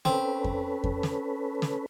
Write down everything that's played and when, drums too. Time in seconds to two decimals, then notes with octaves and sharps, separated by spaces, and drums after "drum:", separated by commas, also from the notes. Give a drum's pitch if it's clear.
0.05 C4 C#4 A4 B4, drum: snare
0.44 drum: kick F2
0.84 drum: kick F2
1.03 drum: snare
1.62 drum: snare